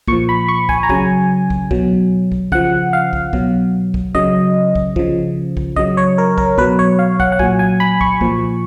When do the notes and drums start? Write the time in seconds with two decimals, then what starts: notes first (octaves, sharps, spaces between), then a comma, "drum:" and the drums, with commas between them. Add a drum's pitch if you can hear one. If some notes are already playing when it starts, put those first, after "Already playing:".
0.08 A#2 C#6, drum: kick
0.13 F3
0.29 B5
0.48 C#6
0.69 G#5, drum: kick
0.83 A#5
0.89 C#3 F#3 G#5, drum: kick
1.50 drum: kick
1.71 B2 F#3, drum: kick
2.32 drum: kick
2.52 C#3 F3 F#5, drum: kick
2.93 F5
3.13 drum: kick
3.33 B2 F#3, drum: kick
3.94 drum: kick
4.15 C#3 F#3 D#5, drum: kick
4.75 drum: kick
4.96 C#3 F3, drum: kick
5.57 drum: kick
5.76 C#3 F#3 D#5, drum: kick
5.97 C#5
6.18 A#4
6.38 A#4, drum: kick
6.58 B2 F#3 B4, drum: kick
6.79 C#5
6.99 F5
7.20 F#5, drum: kick
7.32 F#5
7.39 A#2 F#3 G#5, drum: kick
7.59 G#5
7.80 B5
8.01 C#6, drum: kick
8.21 A#2 F3, drum: kick